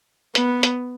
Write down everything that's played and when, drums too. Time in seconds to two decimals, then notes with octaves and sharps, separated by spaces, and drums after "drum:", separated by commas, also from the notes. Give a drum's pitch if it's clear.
0.35 B3, drum: hi-hat
0.63 drum: hi-hat